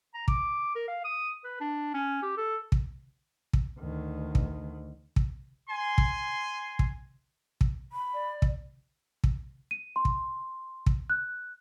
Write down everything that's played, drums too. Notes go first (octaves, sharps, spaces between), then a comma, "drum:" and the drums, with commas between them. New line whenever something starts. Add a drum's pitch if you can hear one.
A#5
D6, drum: kick
A#4
F5
D#6
B4
D4
C#4
G4
A4
drum: kick
drum: kick
D2 D#3
drum: kick
drum: kick
G#5 C6
drum: kick
drum: kick
drum: kick
B5
D5
drum: kick
drum: kick
D#7
C6
drum: kick
drum: kick
F#6